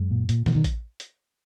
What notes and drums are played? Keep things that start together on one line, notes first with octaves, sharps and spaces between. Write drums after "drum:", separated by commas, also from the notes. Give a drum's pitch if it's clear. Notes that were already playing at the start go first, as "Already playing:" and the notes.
Already playing: F#2 G#3
A#2
A#2, drum: hi-hat
B2 E3, drum: snare
D#3
drum: kick A1, hi-hat
drum: hi-hat